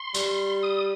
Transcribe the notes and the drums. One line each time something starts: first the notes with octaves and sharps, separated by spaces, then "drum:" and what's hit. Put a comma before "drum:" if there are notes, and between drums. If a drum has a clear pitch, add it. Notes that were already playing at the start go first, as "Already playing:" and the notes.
Already playing: C6
G3, drum: tambourine
D#6